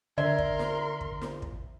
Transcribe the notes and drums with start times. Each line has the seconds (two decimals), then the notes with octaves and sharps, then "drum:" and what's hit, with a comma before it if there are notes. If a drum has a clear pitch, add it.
0.18 D3 A#4 D5 E5 C6
0.38 drum: kick
0.59 drum: snare
1.01 drum: kick
1.21 drum: snare
1.42 drum: kick